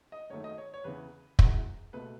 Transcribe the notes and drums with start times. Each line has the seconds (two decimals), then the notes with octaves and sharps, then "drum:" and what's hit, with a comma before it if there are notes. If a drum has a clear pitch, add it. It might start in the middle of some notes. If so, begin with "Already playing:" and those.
0.12 D#5
0.30 F#1 F#2 D#3 A3 C#5
0.44 D#5
0.58 C#5
0.74 C#5
0.84 E2 C#3 E3 B4
1.39 G#1 F#2 E3 G#3, drum: kick
1.93 C#2 B2 A3 B4